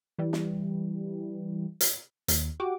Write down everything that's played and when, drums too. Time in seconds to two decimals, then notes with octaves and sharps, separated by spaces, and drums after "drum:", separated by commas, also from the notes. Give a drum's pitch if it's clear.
0.19 E3 G3
0.33 drum: snare
1.81 drum: hi-hat
2.28 D#2, drum: hi-hat
2.60 F#4 G4 D6